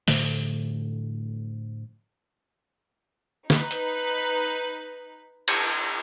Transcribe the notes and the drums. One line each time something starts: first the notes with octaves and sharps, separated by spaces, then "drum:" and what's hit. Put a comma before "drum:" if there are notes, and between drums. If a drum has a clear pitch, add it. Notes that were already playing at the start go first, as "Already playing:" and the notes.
A2 D3 F3 A3, drum: open hi-hat
D#4 B4, drum: snare
drum: hi-hat
drum: cymbal